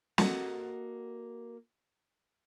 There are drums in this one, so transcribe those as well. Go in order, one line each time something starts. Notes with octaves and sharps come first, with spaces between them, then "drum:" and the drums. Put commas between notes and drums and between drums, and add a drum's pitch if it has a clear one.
A#3 F#4 A4 D#5, drum: snare